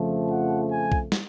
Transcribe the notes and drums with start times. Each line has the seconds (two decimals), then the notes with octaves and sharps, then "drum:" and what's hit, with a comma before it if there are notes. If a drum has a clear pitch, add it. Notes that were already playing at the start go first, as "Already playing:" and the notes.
Already playing: F2 C#3 F3 A3
0.31 F#5
0.71 G#5
0.92 drum: kick B1
1.12 drum: snare